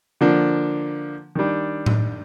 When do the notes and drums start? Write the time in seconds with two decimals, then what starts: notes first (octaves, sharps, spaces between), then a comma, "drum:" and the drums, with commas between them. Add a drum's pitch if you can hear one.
0.21 D3 F3 A#3 D4
1.35 D#3 G3 D4
1.86 drum: tom A2